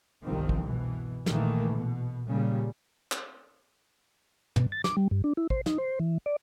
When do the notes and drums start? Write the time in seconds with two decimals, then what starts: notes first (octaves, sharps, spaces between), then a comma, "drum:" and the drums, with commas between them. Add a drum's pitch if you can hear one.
0.22 G1 C2 D#3 F3 C4
0.49 drum: kick
0.65 B2 E3
1.26 A#1 D#3 E3 A3 A#3, drum: snare
1.74 B2
2.26 A#2 C#3 G3
3.12 drum: clap
4.56 B2, drum: tom
4.72 A6
4.84 D6, drum: snare
4.97 G3
5.11 G2
5.24 D4
5.37 E4
5.50 C5, drum: kick
5.66 D#4, drum: snare
5.78 C5
6.00 E3
6.26 D5